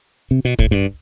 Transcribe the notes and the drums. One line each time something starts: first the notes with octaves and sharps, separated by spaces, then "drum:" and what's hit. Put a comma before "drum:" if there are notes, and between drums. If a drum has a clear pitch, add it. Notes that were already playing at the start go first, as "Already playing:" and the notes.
C3
B2
A2, drum: kick
G2